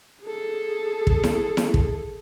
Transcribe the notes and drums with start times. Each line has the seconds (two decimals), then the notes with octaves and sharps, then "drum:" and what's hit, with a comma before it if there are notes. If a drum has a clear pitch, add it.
0.23 G#4 A4
1.07 drum: kick
1.23 drum: snare E4
1.57 drum: snare E4
1.74 drum: kick